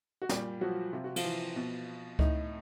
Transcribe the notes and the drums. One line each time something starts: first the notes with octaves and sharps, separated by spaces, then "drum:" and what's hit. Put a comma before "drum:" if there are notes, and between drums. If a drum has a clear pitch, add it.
F#4
A#2 G3 G4, drum: snare
F3 F#3 F#4
C3 F4
F#4
F3 F4, drum: cymbal
E3
B2
A2 D#4, drum: kick C#2